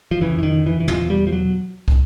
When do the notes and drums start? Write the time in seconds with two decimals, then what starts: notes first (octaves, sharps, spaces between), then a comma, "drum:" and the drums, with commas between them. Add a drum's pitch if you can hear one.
0.11 F3
0.21 F2 C#3 E3
0.39 E3
0.43 D#3
0.66 E3
0.80 E3
0.88 E2 B2 F3, drum: tom
1.10 G3
1.27 F3
1.32 F#3
1.88 drum: kick